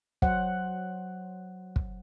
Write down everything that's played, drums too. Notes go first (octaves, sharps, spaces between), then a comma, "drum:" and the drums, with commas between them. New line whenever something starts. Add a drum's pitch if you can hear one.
F#3 C5 F#5, drum: kick
drum: kick